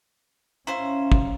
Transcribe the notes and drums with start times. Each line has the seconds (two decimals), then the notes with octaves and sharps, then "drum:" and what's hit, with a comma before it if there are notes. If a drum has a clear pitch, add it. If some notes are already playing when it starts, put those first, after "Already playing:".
0.67 C#4 E4 C5 F5 A#5
1.12 drum: kick